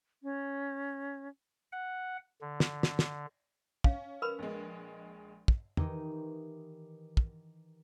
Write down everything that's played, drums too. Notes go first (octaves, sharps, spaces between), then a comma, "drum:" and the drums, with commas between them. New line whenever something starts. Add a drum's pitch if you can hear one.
C#4
F#5
D3
drum: snare
drum: snare
drum: snare
C#4 F5, drum: kick
A#4 B4 B5
A#1 G#3
drum: kick
D#3 E3 D#4 G4, drum: tom
drum: kick